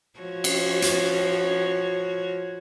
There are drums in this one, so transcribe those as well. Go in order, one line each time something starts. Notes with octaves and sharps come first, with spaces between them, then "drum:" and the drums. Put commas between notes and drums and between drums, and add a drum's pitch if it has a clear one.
F3 F#4 C#5
drum: cymbal
drum: hi-hat